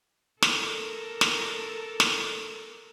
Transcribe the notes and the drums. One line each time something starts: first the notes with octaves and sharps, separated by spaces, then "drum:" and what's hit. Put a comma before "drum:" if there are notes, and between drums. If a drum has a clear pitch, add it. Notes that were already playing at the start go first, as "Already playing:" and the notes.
A4 A#4, drum: snare
drum: snare
drum: snare